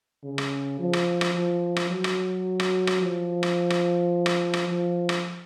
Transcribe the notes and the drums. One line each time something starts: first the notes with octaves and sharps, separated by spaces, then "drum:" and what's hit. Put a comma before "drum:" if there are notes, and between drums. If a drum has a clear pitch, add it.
C#3
drum: rim click
F3
drum: rim click
drum: rim click
F3
drum: rim click
F#3
drum: rim click
drum: rim click
drum: rim click
F3
drum: rim click
drum: rim click
drum: rim click
drum: rim click
F3
drum: rim click